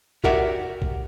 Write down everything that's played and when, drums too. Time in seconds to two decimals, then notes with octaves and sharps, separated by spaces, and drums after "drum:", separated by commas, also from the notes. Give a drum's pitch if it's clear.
0.24 F#4 G4 A#4 D5 E5 F#5, drum: kick
0.82 drum: kick